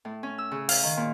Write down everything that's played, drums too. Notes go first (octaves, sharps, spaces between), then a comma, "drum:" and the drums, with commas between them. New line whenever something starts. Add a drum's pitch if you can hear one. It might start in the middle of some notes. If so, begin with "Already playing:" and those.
A2
C#4
E6
C#3
F5, drum: open hi-hat
D#3
A#2